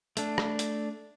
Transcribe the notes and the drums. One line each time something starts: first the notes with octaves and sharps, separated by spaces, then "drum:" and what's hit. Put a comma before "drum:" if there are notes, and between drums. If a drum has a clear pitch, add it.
A3 D4, drum: hi-hat
drum: rim click
drum: hi-hat